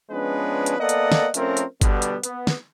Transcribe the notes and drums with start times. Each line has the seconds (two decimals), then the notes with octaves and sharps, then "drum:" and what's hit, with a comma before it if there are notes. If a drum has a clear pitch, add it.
0.11 F3 G#3 B3 C#4 D4 B4
0.66 drum: hi-hat
0.79 A#3 B3 A4 D5 D#5 F#5
0.89 drum: hi-hat
1.12 drum: snare
1.34 F3 A3 C4 C#4 A#4, drum: hi-hat
1.57 drum: hi-hat
1.81 B2 D3 G3 B3, drum: kick G1, hi-hat
2.02 drum: hi-hat
2.23 B3, drum: hi-hat
2.47 drum: snare